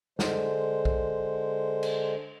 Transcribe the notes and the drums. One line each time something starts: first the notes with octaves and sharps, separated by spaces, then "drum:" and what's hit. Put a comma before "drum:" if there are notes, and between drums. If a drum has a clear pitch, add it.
D3 G#3 C5, drum: snare
drum: kick A#1
drum: cymbal